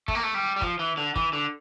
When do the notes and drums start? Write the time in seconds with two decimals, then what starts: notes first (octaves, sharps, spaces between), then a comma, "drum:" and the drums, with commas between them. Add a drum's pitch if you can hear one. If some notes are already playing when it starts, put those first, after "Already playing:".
0.08 A3, drum: kick
0.15 A#3
0.23 A3
0.34 G3
0.56 G3
0.62 F3, drum: kick
0.79 E3
0.97 D3
1.16 E3, drum: kick
1.33 D3